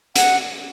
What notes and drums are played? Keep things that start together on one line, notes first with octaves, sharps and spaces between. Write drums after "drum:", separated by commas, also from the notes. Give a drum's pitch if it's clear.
F#5, drum: hi-hat